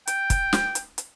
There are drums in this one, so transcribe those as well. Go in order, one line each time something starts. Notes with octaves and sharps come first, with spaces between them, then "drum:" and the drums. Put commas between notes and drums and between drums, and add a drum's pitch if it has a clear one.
G5, drum: hi-hat
drum: kick, hi-hat
drum: snare
drum: hi-hat
drum: hi-hat